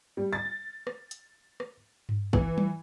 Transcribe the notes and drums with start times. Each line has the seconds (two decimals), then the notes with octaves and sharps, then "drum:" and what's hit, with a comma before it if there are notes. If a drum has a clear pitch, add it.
0.17 G3
0.33 A6
0.87 drum: rim click
1.11 drum: hi-hat
1.60 drum: rim click
2.09 drum: tom G2
2.33 E3, drum: kick G#1
2.58 drum: tom F#3